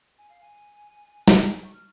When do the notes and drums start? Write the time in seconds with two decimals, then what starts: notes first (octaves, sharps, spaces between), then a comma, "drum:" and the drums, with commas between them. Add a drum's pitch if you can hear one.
0.18 G#5
0.30 F5
0.41 G#5
1.28 drum: snare
1.46 G#5
1.55 A#5
1.64 C#6
1.74 F6